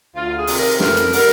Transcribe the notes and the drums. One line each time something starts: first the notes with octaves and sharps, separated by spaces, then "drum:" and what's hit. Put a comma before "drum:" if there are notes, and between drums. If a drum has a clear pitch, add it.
D2 F4
G#4
C3 D#3, drum: open hi-hat
A#4
F2 A#4, drum: snare
drum: hi-hat
D3 G3 A#4, drum: open hi-hat